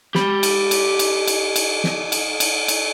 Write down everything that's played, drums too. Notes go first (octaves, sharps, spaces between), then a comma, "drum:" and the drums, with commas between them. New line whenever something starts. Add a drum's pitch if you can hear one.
G4 B5, drum: snare
drum: cymbal
drum: cymbal
drum: cymbal
drum: cymbal
drum: cymbal
drum: snare
drum: cymbal
drum: cymbal
drum: cymbal